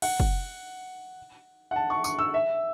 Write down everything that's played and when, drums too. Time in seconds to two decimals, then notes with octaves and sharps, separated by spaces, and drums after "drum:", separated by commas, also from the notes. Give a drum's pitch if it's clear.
0.02 F#5, drum: cymbal
0.20 drum: kick
1.71 F#5
1.76 A5
1.90 C#6
2.04 C#6, drum: tambourine
2.19 E6
2.34 E5